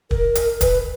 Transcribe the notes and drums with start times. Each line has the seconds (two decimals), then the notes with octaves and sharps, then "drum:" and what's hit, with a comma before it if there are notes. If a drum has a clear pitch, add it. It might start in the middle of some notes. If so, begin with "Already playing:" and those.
0.11 A#4, drum: kick
0.35 drum: hi-hat
0.61 B4, drum: kick, hi-hat